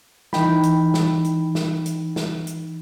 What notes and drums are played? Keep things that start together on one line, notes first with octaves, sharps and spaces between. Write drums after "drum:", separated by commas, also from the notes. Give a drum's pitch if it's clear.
E3 D#4 G5 B5, drum: snare
drum: hi-hat
drum: snare
drum: hi-hat
drum: snare
drum: hi-hat
drum: snare
drum: hi-hat